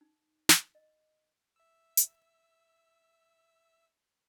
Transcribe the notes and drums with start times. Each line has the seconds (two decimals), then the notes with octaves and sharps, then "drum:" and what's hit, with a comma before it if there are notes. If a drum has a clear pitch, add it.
0.01 D#4
0.49 drum: snare
0.75 D#5
1.56 E5 E6
1.97 drum: hi-hat